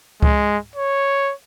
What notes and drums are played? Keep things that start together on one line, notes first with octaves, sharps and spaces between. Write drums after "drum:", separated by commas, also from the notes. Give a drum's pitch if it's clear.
G#3, drum: kick C#2
C#5